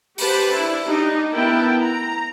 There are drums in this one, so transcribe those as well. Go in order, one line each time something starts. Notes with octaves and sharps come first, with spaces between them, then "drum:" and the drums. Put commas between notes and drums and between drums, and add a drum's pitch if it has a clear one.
G4 B4 C5 A5, drum: open hi-hat
D4 E4
D4 D#4 G4
B3 E4 A#4 G5 A5
A#5